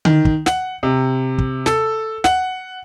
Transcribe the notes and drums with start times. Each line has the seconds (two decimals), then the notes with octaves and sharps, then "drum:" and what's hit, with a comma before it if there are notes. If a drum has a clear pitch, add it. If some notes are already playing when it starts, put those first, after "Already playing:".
0.05 D#3, drum: tom D3
0.25 drum: kick
0.46 F#5, drum: snare
0.83 C3
1.38 drum: kick
1.66 A4, drum: snare
2.24 F#5, drum: snare